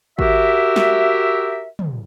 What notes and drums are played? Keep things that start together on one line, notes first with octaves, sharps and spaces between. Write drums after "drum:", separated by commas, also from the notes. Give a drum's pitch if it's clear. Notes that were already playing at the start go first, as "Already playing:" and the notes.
F#4 G4 A#4 E5, drum: kick G#1
drum: snare
drum: tom